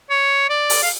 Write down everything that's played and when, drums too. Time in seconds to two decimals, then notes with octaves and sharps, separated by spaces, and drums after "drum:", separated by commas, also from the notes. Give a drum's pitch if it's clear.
0.10 C#5
0.50 D5
0.70 drum: open hi-hat
0.83 F5